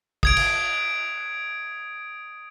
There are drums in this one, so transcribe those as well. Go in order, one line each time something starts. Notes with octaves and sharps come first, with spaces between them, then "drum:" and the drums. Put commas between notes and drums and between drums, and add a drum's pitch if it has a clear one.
D#6 G#6 D7, drum: kick
drum: cymbal